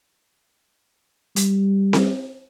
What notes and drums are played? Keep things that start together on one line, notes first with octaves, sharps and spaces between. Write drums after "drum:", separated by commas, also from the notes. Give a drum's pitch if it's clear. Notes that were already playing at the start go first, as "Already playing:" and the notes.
G3, drum: hi-hat
drum: snare C4